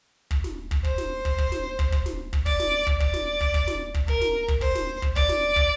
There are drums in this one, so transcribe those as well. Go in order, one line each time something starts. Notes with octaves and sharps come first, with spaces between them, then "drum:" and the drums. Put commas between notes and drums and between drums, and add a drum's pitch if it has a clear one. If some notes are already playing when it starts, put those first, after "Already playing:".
drum: kick
drum: snare
drum: kick
C5, drum: kick
drum: snare
drum: kick
drum: kick
drum: snare
drum: kick
drum: kick
drum: snare
drum: kick
D5, drum: kick
drum: snare
drum: kick
D5, drum: kick
drum: snare
drum: kick
drum: kick
drum: snare
drum: kick
A#4, drum: kick
drum: snare
drum: kick
C5, drum: kick
drum: snare
drum: kick
D5, drum: kick
drum: snare
drum: kick